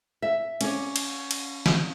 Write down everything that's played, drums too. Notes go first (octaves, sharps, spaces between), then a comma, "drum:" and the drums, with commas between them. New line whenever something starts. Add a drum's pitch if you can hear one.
E5
C#4 D5, drum: cymbal
drum: cymbal
drum: cymbal
drum: snare